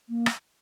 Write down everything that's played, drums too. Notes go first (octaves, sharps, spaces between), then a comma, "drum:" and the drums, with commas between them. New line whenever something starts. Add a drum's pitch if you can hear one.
A#3
drum: rim click